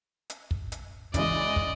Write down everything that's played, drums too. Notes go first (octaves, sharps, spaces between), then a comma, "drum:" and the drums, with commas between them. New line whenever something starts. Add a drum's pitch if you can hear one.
drum: hi-hat
drum: kick
drum: hi-hat
C#3 E3 G#3 D5 D#5, drum: kick, hi-hat
drum: kick